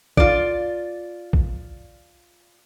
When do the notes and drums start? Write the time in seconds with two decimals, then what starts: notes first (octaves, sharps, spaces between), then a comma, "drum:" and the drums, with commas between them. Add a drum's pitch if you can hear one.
0.17 F4 D5, drum: kick
1.33 drum: kick